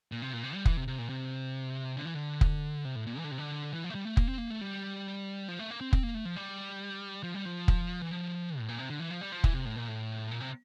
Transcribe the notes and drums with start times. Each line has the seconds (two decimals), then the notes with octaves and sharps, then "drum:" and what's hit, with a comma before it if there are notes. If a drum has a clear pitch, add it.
0.12 A#2
0.22 C3
0.33 A#2
0.43 C3
0.54 G3
0.65 E3, drum: kick
0.77 C3
0.87 C3
0.98 A#2
1.09 C3
1.96 D3
2.05 E3
2.14 D3
2.41 drum: kick
2.85 C3
2.95 A2
3.07 A#2
3.18 E3
3.24 D3
3.31 C3
3.38 D3
3.73 E3
3.84 F3
3.90 A3
3.95 G3
4.05 A3
4.17 A#3, drum: kick
4.28 C4
4.38 A#3
4.50 A3
4.61 G3
5.48 F3
5.59 A3
5.71 A#3
5.81 C4
5.93 C4, drum: kick
6.03 A#3
6.14 A3
6.25 F3
6.36 G3
7.23 F3
7.34 G3
7.45 F3
7.68 drum: kick
8.02 E3
8.11 F3
8.59 A2
8.69 A#2
8.79 C3
8.90 D3
9.00 E3
9.10 F3
9.21 G3
9.32 F3
9.44 E3, drum: kick
9.54 C3
9.66 A2
9.76 A#2
9.88 A2
10.31 A#2
10.41 C3